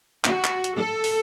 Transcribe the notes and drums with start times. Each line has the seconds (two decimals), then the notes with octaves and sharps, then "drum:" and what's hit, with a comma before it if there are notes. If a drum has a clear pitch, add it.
0.25 F#4, drum: clap
0.44 drum: clap
0.64 drum: hi-hat
0.76 A4
1.04 drum: open hi-hat